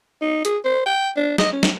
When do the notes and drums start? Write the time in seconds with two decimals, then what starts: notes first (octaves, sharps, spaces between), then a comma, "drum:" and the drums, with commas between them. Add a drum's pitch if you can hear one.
0.22 D#4
0.45 G#4, drum: hi-hat
0.65 C5
0.86 G5
1.16 D4
1.38 D#5, drum: snare
1.53 C#4
1.63 drum: snare